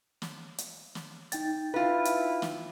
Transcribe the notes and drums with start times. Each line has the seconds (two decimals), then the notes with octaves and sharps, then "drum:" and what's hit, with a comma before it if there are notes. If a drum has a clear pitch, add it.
0.22 drum: snare
0.58 drum: hi-hat
0.95 drum: snare
1.32 D#4 G5 A6, drum: hi-hat
1.74 E4 F4 B4
2.05 drum: hi-hat
2.42 drum: snare